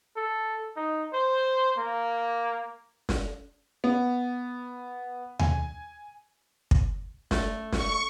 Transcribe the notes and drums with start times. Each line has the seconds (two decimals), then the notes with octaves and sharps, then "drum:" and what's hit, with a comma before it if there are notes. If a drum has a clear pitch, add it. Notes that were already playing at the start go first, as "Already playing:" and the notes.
0.16 A4
0.77 D#4
1.13 C5
1.78 A#3
3.09 drum: snare
3.84 B3
5.39 G#5, drum: tom D#2
6.71 drum: kick
7.31 A3, drum: snare
7.73 C#6, drum: snare